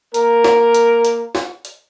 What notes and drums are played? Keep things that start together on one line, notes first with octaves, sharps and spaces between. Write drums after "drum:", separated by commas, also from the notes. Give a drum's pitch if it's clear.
A#3 A#4, drum: hi-hat
drum: snare
drum: hi-hat
drum: hi-hat
drum: snare
drum: hi-hat